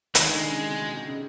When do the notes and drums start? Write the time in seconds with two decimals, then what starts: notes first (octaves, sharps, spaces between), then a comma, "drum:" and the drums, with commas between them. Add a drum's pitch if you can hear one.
0.15 D#3 G#3, drum: hi-hat
0.28 D#3
0.33 D3
0.51 C#3
0.68 C3
0.82 B2
0.94 C3
1.08 C#3